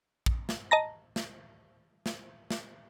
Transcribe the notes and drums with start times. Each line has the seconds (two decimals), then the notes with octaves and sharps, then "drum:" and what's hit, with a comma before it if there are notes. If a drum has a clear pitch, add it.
0.26 drum: kick A#1
0.49 drum: snare
0.71 D#5 A5 A#5 A#6
1.16 drum: snare
2.06 drum: snare
2.51 drum: snare